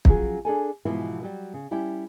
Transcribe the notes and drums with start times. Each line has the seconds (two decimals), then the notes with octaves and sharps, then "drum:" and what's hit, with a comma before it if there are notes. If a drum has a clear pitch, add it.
0.05 F3 F#3 C#4 F4 G#4, drum: kick
0.45 D4 G#4 A4 G#5
0.85 G#2 B2 E3 F3 B3 E4
1.23 F#3 G3
1.54 C#3
1.71 G3 C#4 E4 G4